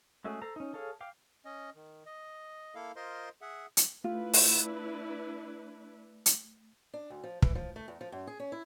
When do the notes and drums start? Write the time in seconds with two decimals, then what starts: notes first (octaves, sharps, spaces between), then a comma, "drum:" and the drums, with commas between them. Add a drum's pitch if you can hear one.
0.24 G#3 A3 C#4 F#4 G#4
0.42 A4 C5 A#5
0.56 C#4 D#4
0.73 G#4 A4 C#5 F5
1.01 F5 G5 D6
1.45 C#4 D#5
1.75 D#3
2.06 D#5
2.75 A#3 E4 A4 F5
2.96 F4 A#4 C5 D#5 C6
3.42 G#4 E5 F#5
3.77 drum: hi-hat
4.04 A3 D4 E4 F4 B4
4.33 drum: open hi-hat
6.26 drum: hi-hat
6.93 D4
7.10 D2
7.24 F3
7.42 E3, drum: kick
7.55 F3
7.76 A3
7.88 E2
8.01 F3
8.12 F#2
8.27 G#4
8.40 C#4
8.52 E4